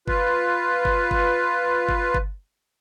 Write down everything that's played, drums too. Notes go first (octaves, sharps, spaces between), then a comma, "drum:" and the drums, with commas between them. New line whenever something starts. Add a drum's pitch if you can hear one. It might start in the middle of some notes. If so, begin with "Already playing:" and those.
F4 B4, drum: kick G1
drum: kick G1
drum: kick G1
drum: kick G1
drum: kick G1